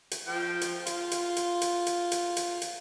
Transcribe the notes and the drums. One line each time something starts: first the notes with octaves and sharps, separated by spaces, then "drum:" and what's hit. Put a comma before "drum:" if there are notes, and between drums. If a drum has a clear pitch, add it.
drum: hi-hat
F3 G5
drum: hi-hat
F4, drum: hi-hat
drum: hi-hat
drum: hi-hat
drum: hi-hat
drum: hi-hat
drum: hi-hat
drum: hi-hat
drum: hi-hat